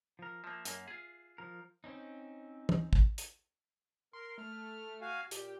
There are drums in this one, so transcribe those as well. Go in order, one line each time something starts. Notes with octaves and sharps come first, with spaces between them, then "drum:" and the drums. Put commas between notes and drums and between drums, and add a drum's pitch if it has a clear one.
F3 A#4
F3 A#3 E5
F#2 A#3, drum: hi-hat
F4 G#4
F3 A#4
C4 C#4 D#4
drum: tom
drum: kick
drum: hi-hat
A#4 C6
A3 F6
F#4 F5 G#5
A#2 G4, drum: hi-hat